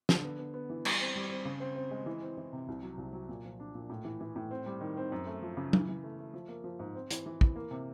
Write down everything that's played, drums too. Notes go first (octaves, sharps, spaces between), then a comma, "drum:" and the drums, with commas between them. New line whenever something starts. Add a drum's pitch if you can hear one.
D3, drum: snare
B3
B3
B3
E3
G3, drum: cymbal
C4
G3
C4
C#3
C4
C4
G#3
E3
C4
E3
C3
C2
F#3
C2
F#3
A#2
F3
D4
A#2
A2
E3
E3
A2
C4
G3
D#3
C4
F#2
A3
F3
C#3
E3, drum: tom F#3
E3
A3
A3
F3
A#3
F3
G#2
C4
E3, drum: hi-hat
E3
E3, drum: kick
A#3
C3